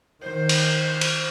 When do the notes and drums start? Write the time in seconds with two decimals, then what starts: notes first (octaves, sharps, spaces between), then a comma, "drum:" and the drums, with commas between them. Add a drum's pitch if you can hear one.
0.23 D#3 C5
0.49 drum: cymbal
1.01 drum: cymbal